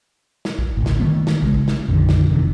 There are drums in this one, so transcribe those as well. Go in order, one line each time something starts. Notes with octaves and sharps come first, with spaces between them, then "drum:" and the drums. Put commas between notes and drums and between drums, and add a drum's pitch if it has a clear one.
drum: snare
drum: kick
G#1 C#2
drum: snare
D#3 E3 A3 B3
drum: snare
C#3 G#3, drum: kick
drum: kick
drum: snare
A#1 F2 D3 D#3
drum: snare
F1 C3 D#3 E3